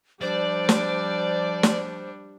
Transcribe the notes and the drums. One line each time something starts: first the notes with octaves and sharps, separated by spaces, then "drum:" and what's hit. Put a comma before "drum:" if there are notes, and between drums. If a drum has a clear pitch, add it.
F3 G3 D4 C5 D5
drum: snare
drum: snare